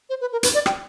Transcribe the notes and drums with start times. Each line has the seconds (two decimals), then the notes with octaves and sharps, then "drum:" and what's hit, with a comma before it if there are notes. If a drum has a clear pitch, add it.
0.10 C5
0.21 B4
0.32 A#4
0.43 B4, drum: hi-hat
0.54 D5
0.66 G5, drum: rim click